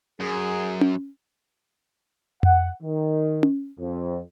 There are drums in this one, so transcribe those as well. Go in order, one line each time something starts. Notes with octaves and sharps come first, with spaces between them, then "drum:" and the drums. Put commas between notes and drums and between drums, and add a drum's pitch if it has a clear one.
F#2 G#4
drum: tom C#4
F#5, drum: tom F2
D#3
drum: tom C#4
F2